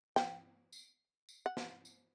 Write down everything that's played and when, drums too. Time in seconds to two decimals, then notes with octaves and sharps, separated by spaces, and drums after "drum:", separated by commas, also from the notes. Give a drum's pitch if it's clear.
0.16 G5, drum: snare
0.72 drum: tambourine
1.29 drum: tambourine
1.46 F#5
1.57 drum: snare
1.85 drum: tambourine